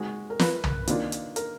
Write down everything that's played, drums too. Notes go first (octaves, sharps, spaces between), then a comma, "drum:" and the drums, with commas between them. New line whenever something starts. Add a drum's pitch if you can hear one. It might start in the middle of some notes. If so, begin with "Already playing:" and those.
Already playing: G#3 D#4 F#4
A#4
B4, drum: snare
drum: tom
D#3 A#3 D4 F4, drum: hi-hat
drum: hi-hat
A#4, drum: hi-hat